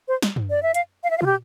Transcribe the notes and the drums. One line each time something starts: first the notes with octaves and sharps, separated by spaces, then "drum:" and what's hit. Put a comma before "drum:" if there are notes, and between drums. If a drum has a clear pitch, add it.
C5
drum: snare
drum: tom
D5
E5
F5, drum: hi-hat
F5
E5
F5
F4, drum: tom
G4